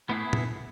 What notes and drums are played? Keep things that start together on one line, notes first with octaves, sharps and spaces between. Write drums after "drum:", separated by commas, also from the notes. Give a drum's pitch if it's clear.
A2 B3 E4 G#4 B4
drum: tom